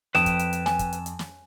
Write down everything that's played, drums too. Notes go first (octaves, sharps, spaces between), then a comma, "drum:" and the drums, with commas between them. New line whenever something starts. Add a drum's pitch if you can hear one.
F2 B4 G5 D#6 E7, drum: snare
drum: kick, hi-hat
drum: hi-hat
drum: hi-hat
G#5, drum: snare
drum: kick, hi-hat
drum: hi-hat
drum: hi-hat
drum: snare